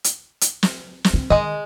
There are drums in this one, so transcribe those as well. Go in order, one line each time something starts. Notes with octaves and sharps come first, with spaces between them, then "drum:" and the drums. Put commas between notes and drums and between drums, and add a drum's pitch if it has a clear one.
drum: hi-hat
drum: hi-hat
drum: snare
drum: snare
C4
D#3 G#3 D#5